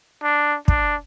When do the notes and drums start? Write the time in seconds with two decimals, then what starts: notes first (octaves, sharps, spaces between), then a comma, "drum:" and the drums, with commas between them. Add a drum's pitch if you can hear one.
0.23 D4
0.68 D4, drum: kick